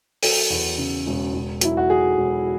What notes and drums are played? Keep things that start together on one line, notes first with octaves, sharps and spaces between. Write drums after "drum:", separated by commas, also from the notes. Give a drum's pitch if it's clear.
F#3 A4, drum: open hi-hat
E2
C#3
E1
E1
F#3 E4, drum: hi-hat
F#4
F#3 G#4
E1